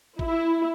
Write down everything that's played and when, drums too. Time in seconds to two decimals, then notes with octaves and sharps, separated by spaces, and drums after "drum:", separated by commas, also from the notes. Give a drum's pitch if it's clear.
0.19 E4, drum: kick